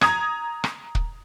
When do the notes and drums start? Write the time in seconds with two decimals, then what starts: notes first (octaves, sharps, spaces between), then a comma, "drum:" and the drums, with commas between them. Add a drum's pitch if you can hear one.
0.01 A#5 D#6 G#6, drum: rim click
0.64 drum: rim click
0.95 drum: kick